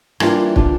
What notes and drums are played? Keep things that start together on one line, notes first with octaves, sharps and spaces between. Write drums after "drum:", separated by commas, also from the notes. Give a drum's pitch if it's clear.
E3 G3 A#3 D4 F4, drum: rim click
E3 G3 A#3 D4 F4, drum: kick